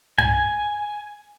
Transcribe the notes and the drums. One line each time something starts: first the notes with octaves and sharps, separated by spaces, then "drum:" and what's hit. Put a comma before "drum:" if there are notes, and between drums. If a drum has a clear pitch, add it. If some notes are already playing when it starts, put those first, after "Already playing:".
G#5, drum: tom G2